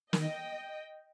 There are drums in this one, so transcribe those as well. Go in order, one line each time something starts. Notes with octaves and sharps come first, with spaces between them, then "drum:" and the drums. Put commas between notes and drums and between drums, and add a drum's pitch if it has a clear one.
D#3 D#5 G5, drum: snare